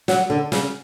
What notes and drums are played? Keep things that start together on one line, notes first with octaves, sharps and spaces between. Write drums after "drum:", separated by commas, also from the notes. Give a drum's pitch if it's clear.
F#3, drum: snare
D3
C#3, drum: snare